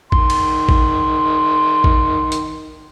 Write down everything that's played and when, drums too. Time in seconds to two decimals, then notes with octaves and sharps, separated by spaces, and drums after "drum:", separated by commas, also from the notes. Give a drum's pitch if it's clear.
0.12 D#3 C6, drum: kick A1
0.30 drum: cymbal
0.69 drum: kick A1
1.84 drum: kick A1
2.32 drum: hi-hat